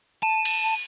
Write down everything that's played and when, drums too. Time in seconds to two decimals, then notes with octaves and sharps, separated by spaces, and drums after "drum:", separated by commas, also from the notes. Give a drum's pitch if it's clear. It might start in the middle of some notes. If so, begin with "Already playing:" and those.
0.23 A5 D#7
0.45 drum: cymbal